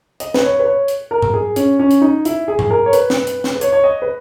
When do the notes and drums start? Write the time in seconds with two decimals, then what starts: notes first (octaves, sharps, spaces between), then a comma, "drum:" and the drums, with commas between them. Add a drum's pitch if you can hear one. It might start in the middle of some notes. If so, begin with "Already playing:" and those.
0.20 D#5, drum: hi-hat
0.34 B4, drum: snare
0.43 C#5
0.59 B4
0.65 C#5
0.88 drum: hi-hat
1.11 A#4
1.22 drum: tom G#2
1.33 G#4
1.56 C#4, drum: hi-hat
1.79 C#4
1.91 drum: hi-hat
2.01 D#4
2.25 E4, drum: hi-hat
2.48 G#4
2.59 drum: tom G#2
2.70 A#4
2.86 C#5
2.93 B4, drum: hi-hat
3.10 drum: snare
3.27 drum: hi-hat
3.44 drum: snare
3.55 B4
3.61 C#5, drum: hi-hat
3.73 C#5
3.84 D#5
4.02 B4